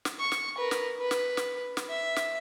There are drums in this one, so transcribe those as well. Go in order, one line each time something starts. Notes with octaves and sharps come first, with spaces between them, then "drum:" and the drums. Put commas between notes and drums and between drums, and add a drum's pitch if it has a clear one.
drum: snare
C#6
drum: snare
A#4 B4
drum: snare
B4
drum: snare
drum: snare
drum: snare
E5
drum: snare